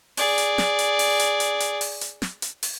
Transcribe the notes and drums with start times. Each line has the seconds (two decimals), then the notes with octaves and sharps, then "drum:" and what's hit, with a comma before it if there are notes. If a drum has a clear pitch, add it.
0.17 G#4 D5, drum: open hi-hat
0.38 drum: hi-hat
0.58 drum: snare
0.79 drum: hi-hat
0.99 drum: open hi-hat
1.20 drum: hi-hat
1.40 drum: hi-hat
1.60 drum: hi-hat
1.81 drum: open hi-hat
2.01 drum: hi-hat
2.22 drum: snare
2.42 drum: hi-hat
2.63 drum: open hi-hat